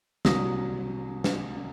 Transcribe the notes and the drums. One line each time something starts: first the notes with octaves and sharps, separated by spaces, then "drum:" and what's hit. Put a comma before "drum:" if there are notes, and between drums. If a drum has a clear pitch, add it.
C2 F#3 A#3 D#6 A#6, drum: snare
drum: snare